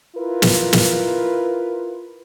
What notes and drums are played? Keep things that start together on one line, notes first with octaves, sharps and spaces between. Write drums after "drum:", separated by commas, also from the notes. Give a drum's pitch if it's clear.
E4 F4 A#4 B4
drum: snare
drum: snare